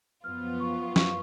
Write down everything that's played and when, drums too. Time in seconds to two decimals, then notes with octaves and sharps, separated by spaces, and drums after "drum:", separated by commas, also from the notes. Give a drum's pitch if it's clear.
0.24 F#2 F3 B3 F4 F6
0.60 C#6
0.96 C#6, drum: snare